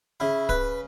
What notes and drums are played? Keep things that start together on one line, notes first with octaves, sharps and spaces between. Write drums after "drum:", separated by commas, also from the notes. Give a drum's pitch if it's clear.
C#3 E4
B4, drum: kick D1